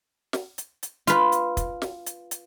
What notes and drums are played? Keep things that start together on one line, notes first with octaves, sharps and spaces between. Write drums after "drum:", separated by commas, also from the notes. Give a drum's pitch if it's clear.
drum: snare
drum: hi-hat
drum: hi-hat
F4 B4, drum: hi-hat
drum: hi-hat
drum: kick, hi-hat
drum: snare
drum: hi-hat
drum: hi-hat